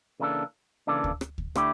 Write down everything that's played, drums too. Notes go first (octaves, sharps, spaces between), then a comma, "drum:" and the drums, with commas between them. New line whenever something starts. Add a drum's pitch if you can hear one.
C#3 E3 A#3 D4 A4
C#3 E3 A#3 D4 A4
drum: kick D2
drum: rim click
drum: kick D2
D3 A3 E4 G4, drum: rim click